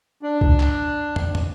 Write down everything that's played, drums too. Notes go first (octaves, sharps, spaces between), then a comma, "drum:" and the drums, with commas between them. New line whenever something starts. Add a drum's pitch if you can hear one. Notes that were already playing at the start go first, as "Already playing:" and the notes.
D4
drum: kick C#2
drum: clap
drum: tom
drum: tom